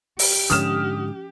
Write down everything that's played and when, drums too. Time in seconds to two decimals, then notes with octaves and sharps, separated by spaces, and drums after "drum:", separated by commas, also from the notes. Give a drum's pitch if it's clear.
0.19 G4, drum: open hi-hat
0.50 G#2 D3 F3 C#4 D#6 F6 E7, drum: hi-hat